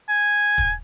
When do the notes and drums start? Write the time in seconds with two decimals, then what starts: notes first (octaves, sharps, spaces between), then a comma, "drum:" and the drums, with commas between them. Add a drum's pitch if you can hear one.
0.09 G#5
0.58 drum: kick